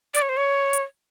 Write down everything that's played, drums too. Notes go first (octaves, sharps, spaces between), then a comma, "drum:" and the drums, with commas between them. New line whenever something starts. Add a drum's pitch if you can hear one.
D5, drum: hi-hat
C#5
C5
C#5
drum: hi-hat